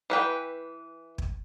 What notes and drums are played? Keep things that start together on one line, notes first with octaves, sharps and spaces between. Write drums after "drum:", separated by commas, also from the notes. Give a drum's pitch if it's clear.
E3 B4 G5
drum: kick